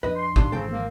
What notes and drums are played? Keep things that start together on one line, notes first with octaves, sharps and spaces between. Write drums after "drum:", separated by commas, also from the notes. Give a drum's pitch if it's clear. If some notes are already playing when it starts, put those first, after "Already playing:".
F2 F3 D4 B4 D#5
C6
G#1 D#2 D3 D4, drum: kick G1
G#1 C#3 E3 F3 G#3 C4 A4 G5
A#3